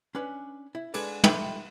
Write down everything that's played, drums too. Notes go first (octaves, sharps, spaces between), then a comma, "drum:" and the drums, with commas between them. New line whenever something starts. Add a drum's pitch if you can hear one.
C#4 D4 B4
E4
G#3 D4 A4 B4 C#5 D5, drum: cymbal
F4 G4 A4 B4 E5 G5, drum: tom